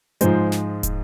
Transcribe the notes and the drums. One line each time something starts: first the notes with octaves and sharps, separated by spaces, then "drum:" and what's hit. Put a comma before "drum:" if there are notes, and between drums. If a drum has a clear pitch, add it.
G#2 F3 G#3 C5, drum: hi-hat
drum: snare
drum: kick, hi-hat